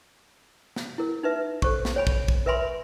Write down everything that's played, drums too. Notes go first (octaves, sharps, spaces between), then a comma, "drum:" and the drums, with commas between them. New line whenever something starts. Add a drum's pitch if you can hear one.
drum: snare
E4 A#4
D#4 B4 E5
A4 C5 C#6, drum: kick
drum: snare
C#5 G#5 B5
drum: kick
drum: kick
A#4 B4 E5 G#5 B5 C6